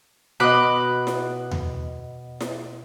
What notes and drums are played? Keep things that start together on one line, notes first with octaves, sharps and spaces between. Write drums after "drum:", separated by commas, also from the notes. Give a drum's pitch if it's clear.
B2 D#5 B5 D6 F#6
drum: snare E4
drum: tom D#2
drum: snare E4